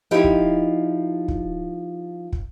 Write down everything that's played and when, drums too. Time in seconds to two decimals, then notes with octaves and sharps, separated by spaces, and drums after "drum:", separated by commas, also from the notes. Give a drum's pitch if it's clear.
0.11 F3 D#4 E4 G4
0.24 drum: kick
1.28 drum: kick
2.33 drum: kick